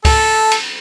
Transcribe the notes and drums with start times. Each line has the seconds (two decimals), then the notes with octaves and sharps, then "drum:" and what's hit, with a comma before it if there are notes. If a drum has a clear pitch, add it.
0.05 A4, drum: kick C#2, cymbal
0.51 drum: cymbal